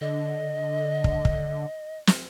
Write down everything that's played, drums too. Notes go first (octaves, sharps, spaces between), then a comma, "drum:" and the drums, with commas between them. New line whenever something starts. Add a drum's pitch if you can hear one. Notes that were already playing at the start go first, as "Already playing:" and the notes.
D3 D#5
drum: kick
drum: kick
drum: snare